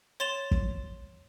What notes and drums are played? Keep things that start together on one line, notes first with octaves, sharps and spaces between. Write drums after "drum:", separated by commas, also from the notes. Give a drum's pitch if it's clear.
C#5 C6 A6 E7 F7
drum: kick